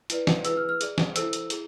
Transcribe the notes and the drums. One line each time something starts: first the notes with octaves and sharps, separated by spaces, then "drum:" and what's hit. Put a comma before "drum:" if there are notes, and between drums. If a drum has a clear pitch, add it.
E4 B4 D5, drum: hi-hat
drum: snare
E4 G#4 B4 E6, drum: hi-hat
F6
F6
G#4 D5, drum: hi-hat
drum: snare
E4 A4 C5 E6, drum: hi-hat
drum: hi-hat
E4 G#4, drum: hi-hat